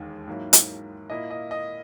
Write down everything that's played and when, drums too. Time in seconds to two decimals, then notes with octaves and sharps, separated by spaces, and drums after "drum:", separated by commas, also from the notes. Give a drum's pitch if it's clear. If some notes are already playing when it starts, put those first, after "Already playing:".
Already playing: E1 D#2 D#3 G#3
0.28 G#2 F#3 A#3 E4
0.53 drum: hi-hat
1.10 A#2 A#3 E4 D#5
1.31 D#5
1.51 D#5